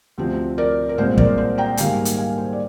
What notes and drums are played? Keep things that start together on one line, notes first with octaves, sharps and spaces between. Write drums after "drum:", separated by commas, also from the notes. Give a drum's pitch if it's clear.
D2 C3 F3 C4
A#4 D5
A#4
C2 A#2 G#3 C4 C5
A#4 D5, drum: kick
C5
G5 A#5
G#2 D#3 G3 A#3 F5 G#5, drum: hi-hat
drum: hi-hat
F5 G#5
C5
D5